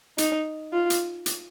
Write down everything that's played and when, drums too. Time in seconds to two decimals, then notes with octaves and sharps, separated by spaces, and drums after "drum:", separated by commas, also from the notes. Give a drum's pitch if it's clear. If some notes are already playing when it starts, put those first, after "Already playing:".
0.18 D#4, drum: hi-hat
0.72 F4
0.90 drum: hi-hat
1.26 drum: hi-hat